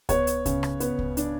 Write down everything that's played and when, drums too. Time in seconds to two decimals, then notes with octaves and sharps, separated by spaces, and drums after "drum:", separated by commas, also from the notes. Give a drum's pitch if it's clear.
0.09 B3 C#5, drum: kick C#2, hi-hat
0.27 drum: hi-hat
0.46 C#3, drum: kick C#2, hi-hat
0.63 drum: rim click
0.80 B3, drum: hi-hat
0.99 drum: kick C#2
1.17 D4, drum: hi-hat